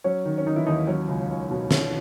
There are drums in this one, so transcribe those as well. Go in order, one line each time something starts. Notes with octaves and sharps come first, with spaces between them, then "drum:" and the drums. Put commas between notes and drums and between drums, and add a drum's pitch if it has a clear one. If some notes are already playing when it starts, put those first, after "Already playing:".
F#3 C#4 C#5
D#3
C#4
D#3 D#4
E3 E4
D#2 D#4
F#3 C#4 C#5
C#2
C#2
B2
E3 C#4 C#5, drum: snare